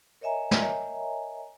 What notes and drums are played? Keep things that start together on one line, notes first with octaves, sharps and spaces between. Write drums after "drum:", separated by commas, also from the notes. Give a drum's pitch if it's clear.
A#4 C#5 D#5 E5 G#5 A#5
drum: snare